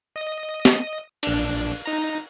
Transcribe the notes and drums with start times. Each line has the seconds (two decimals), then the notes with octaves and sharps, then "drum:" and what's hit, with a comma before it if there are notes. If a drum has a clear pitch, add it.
0.16 D#5 D#6
0.65 drum: snare
1.23 A#1 D4, drum: cymbal
1.86 D#4 A#5